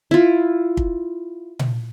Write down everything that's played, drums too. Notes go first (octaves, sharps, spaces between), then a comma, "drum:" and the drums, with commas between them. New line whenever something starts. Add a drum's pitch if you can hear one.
E4 F4
drum: kick
drum: tom A#2